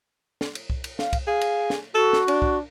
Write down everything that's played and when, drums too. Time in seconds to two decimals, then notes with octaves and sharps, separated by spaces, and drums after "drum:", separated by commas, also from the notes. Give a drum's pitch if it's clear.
0.41 drum: snare
0.55 drum: cymbal
0.70 drum: kick C2
0.84 drum: cymbal
0.99 F5, drum: snare
1.13 drum: kick C2, cymbal
1.27 G#4 F5
1.41 drum: cymbal
1.70 drum: snare
1.95 F#4 A4
2.13 drum: snare
2.28 D4, drum: cymbal
2.42 drum: kick C2